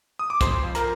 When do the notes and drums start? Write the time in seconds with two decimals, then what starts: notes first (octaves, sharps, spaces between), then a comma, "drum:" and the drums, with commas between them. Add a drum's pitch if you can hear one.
0.19 D#6
0.30 D6
0.41 F2 C5 C6, drum: kick, hi-hat
0.63 F3
0.75 A#4 A#5, drum: hi-hat